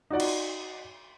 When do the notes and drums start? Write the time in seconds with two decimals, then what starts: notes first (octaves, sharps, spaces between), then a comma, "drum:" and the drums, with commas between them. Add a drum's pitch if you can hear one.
0.11 D#4 F#4 D5 F#5
0.20 drum: cymbal